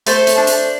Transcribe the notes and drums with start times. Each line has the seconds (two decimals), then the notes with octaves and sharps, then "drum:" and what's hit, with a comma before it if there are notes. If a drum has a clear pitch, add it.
0.07 A3 A4 C5, drum: hi-hat
0.27 drum: hi-hat
0.37 D4
0.47 drum: hi-hat